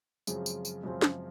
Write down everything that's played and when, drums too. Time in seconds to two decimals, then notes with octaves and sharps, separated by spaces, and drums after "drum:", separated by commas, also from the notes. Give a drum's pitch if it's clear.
0.27 F#2 C#3 F3 G#3 C4, drum: tambourine
0.46 drum: tambourine
0.65 drum: tambourine
0.83 F#2 C#3 F3 G#3 C4
1.02 drum: snare